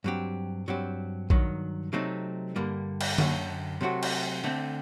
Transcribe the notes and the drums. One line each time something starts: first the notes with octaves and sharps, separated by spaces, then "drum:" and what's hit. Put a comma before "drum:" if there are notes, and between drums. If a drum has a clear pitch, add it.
G2 F#3 C4 G4
G2 F#3 C4 G4
G2 D#3 F#3, drum: kick A#1
C3 F#3 A3 C4 D#4
G2 D3 G3 A#3
drum: cymbal
F#2 D3 F#3, drum: tom D3
C3 F#3 A3 C4 F#4
drum: cymbal
D3 A3 C4